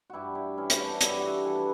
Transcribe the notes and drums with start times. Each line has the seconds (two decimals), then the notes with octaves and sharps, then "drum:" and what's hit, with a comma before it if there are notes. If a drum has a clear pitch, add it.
0.10 G2 E4 F#4 G4
0.35 E4 G4
0.57 E3 C#4 E4
0.70 G4, drum: hi-hat
0.79 D4 F#4
1.01 G2 A4, drum: hi-hat
1.10 G4
1.19 F#4
1.26 E4 G4
1.45 E3 A4
1.55 B4